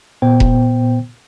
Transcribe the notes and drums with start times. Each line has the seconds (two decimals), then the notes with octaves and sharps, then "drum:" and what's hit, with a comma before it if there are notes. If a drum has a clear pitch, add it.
0.22 A#2 B3 C5 G5
0.40 drum: kick E1